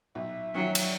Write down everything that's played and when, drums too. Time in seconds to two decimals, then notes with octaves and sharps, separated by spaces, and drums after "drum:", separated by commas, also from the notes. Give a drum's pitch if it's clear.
0.15 B1 E5
0.55 D#3 F3 F#3 C#4
0.75 drum: cymbal